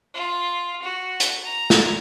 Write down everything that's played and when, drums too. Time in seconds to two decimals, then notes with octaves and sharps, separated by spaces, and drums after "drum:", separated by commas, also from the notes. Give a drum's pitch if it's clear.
0.14 F4
0.82 F#4
1.20 drum: hi-hat
1.44 A#5
1.70 drum: snare